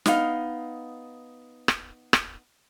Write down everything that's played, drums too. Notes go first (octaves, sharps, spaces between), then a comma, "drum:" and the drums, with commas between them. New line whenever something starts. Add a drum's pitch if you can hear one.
B3 D#4 F5, drum: snare
drum: rim click
drum: rim click